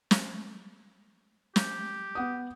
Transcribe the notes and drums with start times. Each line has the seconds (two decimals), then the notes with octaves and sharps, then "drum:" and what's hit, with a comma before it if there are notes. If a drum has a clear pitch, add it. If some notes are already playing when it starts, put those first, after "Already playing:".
0.11 drum: snare
1.56 G4, drum: snare
2.15 B3 F#5 D#6